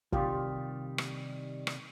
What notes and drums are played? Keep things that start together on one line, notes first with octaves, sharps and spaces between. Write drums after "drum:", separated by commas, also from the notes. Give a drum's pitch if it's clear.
C3 D#3 G3 F4 G4, drum: kick
drum: rim click
drum: rim click